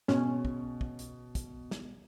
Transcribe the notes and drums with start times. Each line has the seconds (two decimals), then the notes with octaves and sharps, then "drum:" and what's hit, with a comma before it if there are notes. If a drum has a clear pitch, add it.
0.08 B2 C#4, drum: snare
0.45 drum: kick
0.81 drum: kick
0.99 drum: hi-hat
1.35 drum: kick, hi-hat
1.71 drum: snare